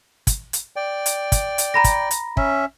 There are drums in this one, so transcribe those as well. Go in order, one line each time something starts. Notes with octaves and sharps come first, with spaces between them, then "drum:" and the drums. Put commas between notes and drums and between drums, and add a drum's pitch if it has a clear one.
drum: kick, hi-hat
drum: hi-hat
D5 G5
drum: hi-hat
drum: kick, hi-hat
drum: hi-hat
A#5 B5 A#6
drum: kick, hi-hat
drum: hi-hat
C#4 E5, drum: kick